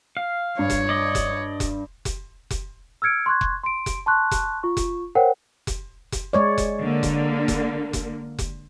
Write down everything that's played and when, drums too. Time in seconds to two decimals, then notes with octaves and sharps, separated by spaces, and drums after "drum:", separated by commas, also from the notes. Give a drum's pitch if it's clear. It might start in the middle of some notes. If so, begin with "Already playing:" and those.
0.17 F5
0.59 G2 C#5
0.70 drum: kick F1, hi-hat
0.89 D5 D#5
1.15 drum: kick F1, hi-hat
1.60 drum: kick F1, hi-hat
2.05 drum: kick F1, hi-hat
2.50 drum: kick F1, hi-hat
3.02 E6 F6 G#6 C#7 D7
3.26 C6 C#6 F#6 G#6
3.41 drum: kick F1
3.64 C6 D7
3.86 drum: kick F1, hi-hat
4.06 A5 C6 C#6 F#6
4.31 drum: kick F1, hi-hat
4.63 F4 C#6
4.77 drum: kick F1, hi-hat
5.15 A#4 C5 C#5 F#5 G5
5.67 drum: kick F1, hi-hat
6.12 drum: kick F1, hi-hat
6.33 G#3 C#5 D5
6.58 drum: kick F1, hi-hat
6.81 D3 A#3
7.03 drum: kick F1, hi-hat
7.48 drum: kick F1, hi-hat
7.93 drum: kick F1, hi-hat
8.39 drum: kick F1, hi-hat